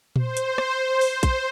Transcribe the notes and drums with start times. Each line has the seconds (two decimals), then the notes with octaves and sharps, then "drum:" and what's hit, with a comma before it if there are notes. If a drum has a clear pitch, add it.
0.16 C5, drum: tom A#2
0.37 drum: hi-hat
0.58 drum: rim click
0.80 C5
1.01 drum: open hi-hat
1.11 C5
1.23 drum: kick, hi-hat